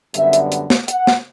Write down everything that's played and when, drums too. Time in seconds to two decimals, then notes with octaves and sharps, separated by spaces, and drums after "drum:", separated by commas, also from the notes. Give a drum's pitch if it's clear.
0.14 F#2 D3 G3 B3 E5, drum: hi-hat
0.33 drum: hi-hat
0.52 drum: hi-hat
0.70 drum: snare
0.88 F#5, drum: hi-hat
1.07 drum: snare